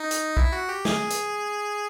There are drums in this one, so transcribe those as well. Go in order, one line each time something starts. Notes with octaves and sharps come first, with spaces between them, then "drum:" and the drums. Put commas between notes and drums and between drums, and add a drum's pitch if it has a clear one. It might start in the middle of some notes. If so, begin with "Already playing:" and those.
Already playing: D#4
drum: hi-hat
E4, drum: kick
F#4
G4
G#4, drum: snare
drum: hi-hat